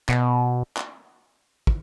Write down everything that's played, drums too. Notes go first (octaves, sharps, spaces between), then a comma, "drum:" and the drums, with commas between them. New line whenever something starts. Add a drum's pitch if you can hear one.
B2, drum: clap
drum: clap
drum: kick